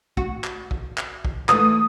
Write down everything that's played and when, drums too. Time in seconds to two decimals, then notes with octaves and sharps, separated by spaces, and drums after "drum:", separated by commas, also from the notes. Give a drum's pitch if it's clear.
0.17 F#4, drum: kick
0.44 drum: clap
0.71 drum: kick
0.98 drum: clap
1.25 drum: kick
1.49 E3 A3 D#6, drum: clap